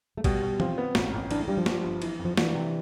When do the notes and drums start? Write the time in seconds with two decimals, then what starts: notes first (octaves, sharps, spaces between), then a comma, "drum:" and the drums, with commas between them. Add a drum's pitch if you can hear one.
0.17 A3
0.24 B2 G3, drum: kick, cymbal
0.42 B2
0.60 C4 F4, drum: tom E3
0.78 B3
0.95 A1, drum: snare
1.14 A1
1.31 E3 D4, drum: cymbal
1.40 A3
1.48 G2 G3
1.57 F3
1.66 G3, drum: snare
1.83 G1
2.02 E3, drum: cymbal
2.19 F2
2.25 F3
2.37 E3 D4, drum: snare
2.54 C3